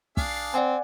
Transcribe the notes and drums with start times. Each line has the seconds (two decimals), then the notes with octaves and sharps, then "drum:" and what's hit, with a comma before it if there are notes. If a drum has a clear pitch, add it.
0.17 D4 G#4 F5, drum: kick
0.54 C4 D5 F#5 G#5